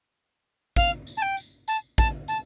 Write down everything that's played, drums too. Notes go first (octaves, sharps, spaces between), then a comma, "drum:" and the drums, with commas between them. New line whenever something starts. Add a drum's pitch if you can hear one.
F5, drum: kick, tambourine
drum: tambourine
A5
G5
drum: tambourine
A5, drum: tambourine
A5, drum: kick, tambourine
A5, drum: tambourine